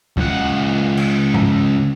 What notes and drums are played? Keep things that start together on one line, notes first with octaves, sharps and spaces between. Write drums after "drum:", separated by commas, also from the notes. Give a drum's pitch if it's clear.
C#2 F#5, drum: kick
drum: cymbal
drum: tom G2